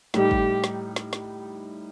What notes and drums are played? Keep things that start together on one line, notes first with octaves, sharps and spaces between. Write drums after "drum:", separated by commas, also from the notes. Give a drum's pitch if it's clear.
A2 G3 D#4 G4, drum: snare
drum: kick
drum: snare
drum: snare
drum: snare